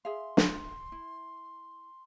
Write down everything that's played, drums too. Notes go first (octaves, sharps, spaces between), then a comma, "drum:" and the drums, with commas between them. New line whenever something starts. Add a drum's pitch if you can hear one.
G#4 E5 F5 C6
drum: snare
E4